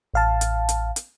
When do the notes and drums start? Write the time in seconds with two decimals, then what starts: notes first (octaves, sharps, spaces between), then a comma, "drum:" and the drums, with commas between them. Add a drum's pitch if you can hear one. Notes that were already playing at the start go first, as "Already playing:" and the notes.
0.14 A1 F5 A5
0.41 drum: hi-hat
0.69 drum: hi-hat
0.96 drum: hi-hat